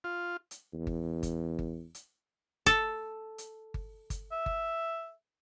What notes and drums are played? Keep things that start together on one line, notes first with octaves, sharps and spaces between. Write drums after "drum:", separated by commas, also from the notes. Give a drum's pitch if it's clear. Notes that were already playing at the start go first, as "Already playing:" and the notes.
F4
drum: hi-hat
E2
drum: kick G1
drum: kick G1, hi-hat
drum: kick G1
drum: hi-hat
A4, drum: kick G1, hi-hat
drum: hi-hat
drum: kick G1
drum: kick G1, hi-hat
E5
drum: kick G1